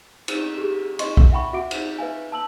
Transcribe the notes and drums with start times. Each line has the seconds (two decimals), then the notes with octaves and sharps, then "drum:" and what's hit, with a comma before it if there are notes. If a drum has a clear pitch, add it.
0.28 drum: cymbal
0.58 G4 G#4
0.99 D#5 C6 C#6, drum: cymbal
1.17 drum: kick B1
1.32 E5 F#5 G5 B5 C#6
1.53 F#4 E5 F#5 D6 D7
1.71 drum: cymbal
1.98 B4 E5 F5 G#5
2.32 A5 E6 F#7